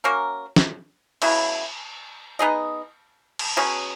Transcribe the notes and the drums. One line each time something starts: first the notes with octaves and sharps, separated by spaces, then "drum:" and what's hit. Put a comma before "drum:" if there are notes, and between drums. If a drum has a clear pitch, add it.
A#3 C#4 F#4 A#4
drum: snare
C#3 F#3 B3 E4, drum: cymbal
B3 D#4 G#4 D#5
drum: cymbal
B2 F#3 C#4 G#4